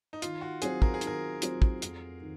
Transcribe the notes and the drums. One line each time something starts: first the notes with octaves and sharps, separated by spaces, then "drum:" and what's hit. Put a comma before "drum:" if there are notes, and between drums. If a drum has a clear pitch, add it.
D#4
D#3 F4, drum: hi-hat
F#4
F#3 C4 F4 G#4 C5, drum: hi-hat
A#4, drum: kick
G#4
D#3, drum: hi-hat
A#4
F#3 C4 F4 C5, drum: hi-hat
drum: kick
F2, drum: hi-hat
D#3